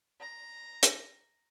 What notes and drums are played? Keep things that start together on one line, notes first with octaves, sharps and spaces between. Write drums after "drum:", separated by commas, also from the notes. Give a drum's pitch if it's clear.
A#5
drum: hi-hat